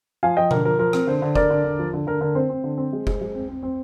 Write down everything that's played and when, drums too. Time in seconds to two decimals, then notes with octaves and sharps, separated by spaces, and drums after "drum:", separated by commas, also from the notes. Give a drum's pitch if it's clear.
0.23 F3 F5 G#5
0.37 F3 D#5 G5
0.51 D3 A#4, drum: tom B2
0.65 F3 A#4
0.79 F3 A#4
0.93 C4, drum: rim click
1.07 D3 C5
1.22 D3
1.35 D3 A#4 D5, drum: kick F1
1.50 D3
1.64 D3
1.79 F3
1.93 D3
2.07 D3 A#4
2.21 D3 A#4
2.35 C4 C5
2.50 C4
2.64 D3
2.78 C4
2.93 G#3
3.07 G#3, drum: kick F1
3.21 G#3
3.35 C4
3.48 C4
3.63 C4 C5